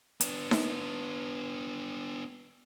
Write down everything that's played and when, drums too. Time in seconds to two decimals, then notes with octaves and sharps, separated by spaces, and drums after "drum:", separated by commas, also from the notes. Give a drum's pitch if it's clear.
0.21 B3 D4, drum: hi-hat
0.51 drum: snare D#4